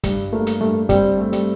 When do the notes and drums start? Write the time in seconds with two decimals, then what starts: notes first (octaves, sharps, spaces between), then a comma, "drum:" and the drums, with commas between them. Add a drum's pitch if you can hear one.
0.04 G2 G3, drum: kick, hi-hat
0.33 A3 A#3
0.47 drum: hi-hat
0.61 G2 A3
0.89 G3 C4, drum: kick, hi-hat
1.18 A3
1.33 G3, drum: hi-hat